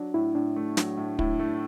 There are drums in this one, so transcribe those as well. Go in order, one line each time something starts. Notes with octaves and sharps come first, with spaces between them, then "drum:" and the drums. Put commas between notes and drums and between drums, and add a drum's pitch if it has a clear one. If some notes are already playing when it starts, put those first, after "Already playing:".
Already playing: F#3 D4
A2 E4
A2 D4
A3
F#3, drum: snare
A2
A2 E4, drum: kick
A3